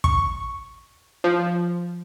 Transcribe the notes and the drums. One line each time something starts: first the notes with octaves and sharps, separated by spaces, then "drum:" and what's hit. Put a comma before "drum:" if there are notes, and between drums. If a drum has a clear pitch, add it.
C#6, drum: kick
F3